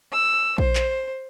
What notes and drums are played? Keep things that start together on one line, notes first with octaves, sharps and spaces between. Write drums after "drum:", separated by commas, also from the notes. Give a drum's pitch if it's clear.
E6
C5, drum: kick A#1
drum: clap